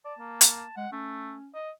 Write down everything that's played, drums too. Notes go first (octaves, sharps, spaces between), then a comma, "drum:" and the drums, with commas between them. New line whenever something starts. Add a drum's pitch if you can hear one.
D5 A5
A#3
drum: hi-hat
G#3 F#5
A3 C#4
D#5